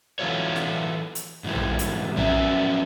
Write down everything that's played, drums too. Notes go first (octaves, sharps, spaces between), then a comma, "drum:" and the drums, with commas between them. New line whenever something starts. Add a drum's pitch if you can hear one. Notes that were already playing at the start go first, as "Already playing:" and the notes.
E3 A3 B3 F4 F#4 C#5
drum: snare
drum: hi-hat
G#2 E3 G3
drum: tom A#1
drum: hi-hat
F3 F#3 B3 C#4 E5, drum: tom A#1